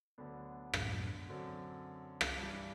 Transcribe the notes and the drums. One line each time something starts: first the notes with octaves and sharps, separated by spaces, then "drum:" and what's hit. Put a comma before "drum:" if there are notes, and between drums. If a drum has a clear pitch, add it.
D2 D3 F#3 B3 D4
F#2 A2, drum: rim click
F#2 D3 F#3 C4 F#4
drum: rim click
G2 E3 G3